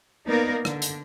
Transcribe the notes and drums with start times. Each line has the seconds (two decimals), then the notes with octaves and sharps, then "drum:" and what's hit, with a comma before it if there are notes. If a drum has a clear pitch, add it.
0.27 A#3 B3 D#4 A#4 D5
0.65 D3, drum: rim click
0.82 drum: hi-hat